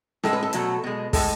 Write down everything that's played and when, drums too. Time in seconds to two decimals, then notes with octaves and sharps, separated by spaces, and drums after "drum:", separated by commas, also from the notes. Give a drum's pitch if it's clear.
0.23 A2 G#3 A4, drum: snare
0.33 B4
0.43 A4
0.53 B2 F#3 A3, drum: hi-hat
0.84 B2 G#3
1.13 A2 G#3 A4, drum: kick, open hi-hat